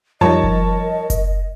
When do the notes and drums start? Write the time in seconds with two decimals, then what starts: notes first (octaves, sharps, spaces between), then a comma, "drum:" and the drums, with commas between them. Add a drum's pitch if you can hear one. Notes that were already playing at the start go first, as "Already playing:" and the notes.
0.21 F3 G3 D#4 A#4 C#5 D#5 A5, drum: tom F2
0.43 drum: kick F#1
1.10 drum: kick F#1, hi-hat